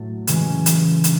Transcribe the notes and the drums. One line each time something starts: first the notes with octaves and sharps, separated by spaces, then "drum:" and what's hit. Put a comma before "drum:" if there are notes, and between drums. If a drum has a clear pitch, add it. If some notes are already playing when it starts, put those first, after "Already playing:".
Already playing: A2 F#3 A3
C#3 E3 G#3 C#4, drum: hi-hat
drum: hi-hat
D4, drum: hi-hat